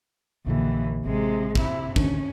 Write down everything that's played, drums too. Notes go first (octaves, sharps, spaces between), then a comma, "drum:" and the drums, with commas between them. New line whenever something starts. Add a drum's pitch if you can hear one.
A#1 D#2 A#2 D3 E3
A1 C3 G#3
C3 E4, drum: kick
D2 D#3 C#4 D4, drum: kick